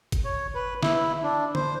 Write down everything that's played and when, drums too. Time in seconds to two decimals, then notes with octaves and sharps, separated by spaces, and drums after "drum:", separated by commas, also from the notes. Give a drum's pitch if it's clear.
0.12 drum: kick G1, hi-hat
0.25 C#5
0.55 B4
0.83 E4, drum: snare
1.23 D4
1.55 C5, drum: tom D3